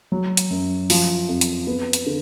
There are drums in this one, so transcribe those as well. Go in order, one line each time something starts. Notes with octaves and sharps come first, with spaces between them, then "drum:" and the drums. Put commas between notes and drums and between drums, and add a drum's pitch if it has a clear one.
F#3
drum: hi-hat
F#2
F3, drum: open hi-hat
F2
drum: hi-hat
B3
drum: hi-hat
D3